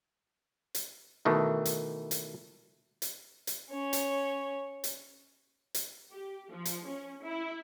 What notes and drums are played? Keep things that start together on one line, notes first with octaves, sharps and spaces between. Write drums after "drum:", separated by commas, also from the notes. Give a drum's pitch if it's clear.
drum: hi-hat
B2 D#3 E3 A3
drum: hi-hat
drum: hi-hat
drum: hi-hat
drum: hi-hat
C#4 C#5
drum: hi-hat
drum: hi-hat
drum: hi-hat
G4
F3
drum: hi-hat
C#4
E4